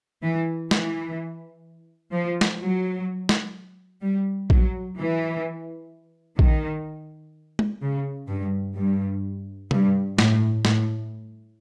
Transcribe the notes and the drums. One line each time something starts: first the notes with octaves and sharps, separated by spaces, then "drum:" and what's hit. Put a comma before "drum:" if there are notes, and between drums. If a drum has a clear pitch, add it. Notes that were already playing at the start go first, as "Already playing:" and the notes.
E3
E3, drum: snare
F3
drum: snare
F#3
drum: snare
G3
F#3, drum: kick A#1
E3
D#3, drum: kick A#1
drum: tom G#3
C#3
G2
G2
G2, drum: tom C3
A2, drum: snare
A2, drum: snare